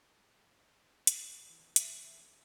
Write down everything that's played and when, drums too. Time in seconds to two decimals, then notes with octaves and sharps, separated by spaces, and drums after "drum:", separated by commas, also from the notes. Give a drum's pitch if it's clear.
1.07 drum: hi-hat
1.50 E3
1.76 E5, drum: hi-hat